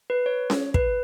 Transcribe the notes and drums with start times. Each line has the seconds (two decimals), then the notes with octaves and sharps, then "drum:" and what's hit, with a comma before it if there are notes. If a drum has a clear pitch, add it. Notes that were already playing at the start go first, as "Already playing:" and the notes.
0.10 B4
0.26 C#5
0.50 drum: snare C#4
0.74 B4, drum: kick